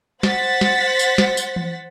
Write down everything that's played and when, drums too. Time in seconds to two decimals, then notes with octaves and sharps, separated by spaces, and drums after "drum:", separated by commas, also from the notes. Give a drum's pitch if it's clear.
0.23 C5 F#5 A6 B6, drum: snare
0.61 drum: snare
0.99 drum: tambourine
1.18 drum: snare
1.37 drum: tambourine
1.56 drum: tom E3